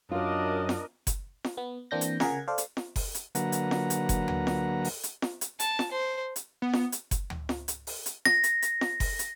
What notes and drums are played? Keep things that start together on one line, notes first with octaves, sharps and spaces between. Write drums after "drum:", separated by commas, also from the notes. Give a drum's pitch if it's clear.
F#2 D4 F4 A#4 D5 D#5
drum: snare F4
drum: kick F#1, hi-hat
drum: snare F4
B3
E3 A#3 C4 D4 G6 A#6
drum: hi-hat
C#3 G#4 A#4 F#5 A#5 G#6, drum: snare F4
A4 C5 D5 F5
drum: hi-hat
drum: snare F4
drum: kick F#1, open hi-hat
drum: hi-hat
D3 F#3 A#3 B4 F#5 A#5, drum: hi-hat
drum: hi-hat
drum: snare F4
drum: hi-hat
drum: kick F#1, hi-hat
drum: tom D2
drum: snare F4
drum: open hi-hat
drum: hi-hat
drum: snare F4
drum: hi-hat
A5, drum: hi-hat
drum: snare F4
C5
drum: hi-hat
B3
drum: snare F4
drum: hi-hat
drum: kick F#1, hi-hat
drum: tom D2
drum: snare F4
drum: hi-hat
drum: open hi-hat
drum: hi-hat
A#6, drum: snare F4
drum: hi-hat
drum: hi-hat
drum: snare F4
drum: kick F#1, open hi-hat
drum: hi-hat